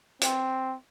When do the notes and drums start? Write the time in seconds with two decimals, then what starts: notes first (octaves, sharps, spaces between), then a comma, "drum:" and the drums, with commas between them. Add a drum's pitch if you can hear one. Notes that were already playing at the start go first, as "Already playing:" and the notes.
0.21 C4, drum: hi-hat